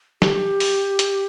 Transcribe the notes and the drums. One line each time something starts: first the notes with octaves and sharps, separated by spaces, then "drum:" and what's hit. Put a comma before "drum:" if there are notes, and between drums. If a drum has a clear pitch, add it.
G4, drum: snare
drum: open hi-hat
drum: hi-hat